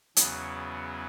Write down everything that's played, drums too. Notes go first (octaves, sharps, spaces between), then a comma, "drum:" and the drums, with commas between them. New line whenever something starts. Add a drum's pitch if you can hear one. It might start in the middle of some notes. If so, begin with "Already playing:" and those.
E2 C#3 F#3 B3 G#4, drum: hi-hat